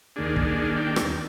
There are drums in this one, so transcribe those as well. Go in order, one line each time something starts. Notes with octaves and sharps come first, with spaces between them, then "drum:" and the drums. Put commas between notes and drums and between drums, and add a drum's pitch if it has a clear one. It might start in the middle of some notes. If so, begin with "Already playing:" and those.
D#2 D#3 A#3 D4 G#4
drum: kick
G#4
G5
drum: rim click